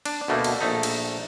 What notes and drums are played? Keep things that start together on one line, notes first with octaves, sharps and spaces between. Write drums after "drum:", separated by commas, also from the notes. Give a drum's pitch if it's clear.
D4, drum: cymbal
D2 B2 A3 A#3
drum: cymbal
A#1 A3 D#4
drum: cymbal